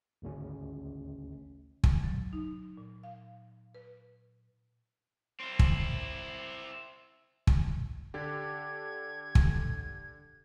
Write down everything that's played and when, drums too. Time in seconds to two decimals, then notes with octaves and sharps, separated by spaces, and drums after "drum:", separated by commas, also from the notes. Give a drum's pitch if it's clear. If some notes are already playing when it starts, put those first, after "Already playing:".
0.22 G#1 D2 C#3 C#4
1.84 drum: kick
2.04 F#3
2.33 D#4
2.77 A#2
3.04 F5
3.75 B4
5.40 C4 E4
5.59 drum: kick
7.47 drum: kick
8.14 D3 D4 G4 G#6
9.35 drum: kick